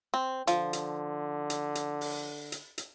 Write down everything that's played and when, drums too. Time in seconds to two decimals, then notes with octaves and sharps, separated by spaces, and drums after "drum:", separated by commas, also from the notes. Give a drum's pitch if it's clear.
0.14 C4
0.47 D3 F3, drum: hi-hat
0.73 drum: hi-hat
1.50 drum: hi-hat
1.75 drum: hi-hat
2.01 drum: open hi-hat
2.52 drum: hi-hat
2.78 drum: hi-hat